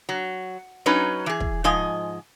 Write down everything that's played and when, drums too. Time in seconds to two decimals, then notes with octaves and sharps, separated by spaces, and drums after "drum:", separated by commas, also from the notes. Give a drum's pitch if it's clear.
0.09 F#3
0.86 F#3 C#4 D#4 B4
1.26 E3 G#4
1.40 drum: kick
1.64 G#2 F3 D#5 G#5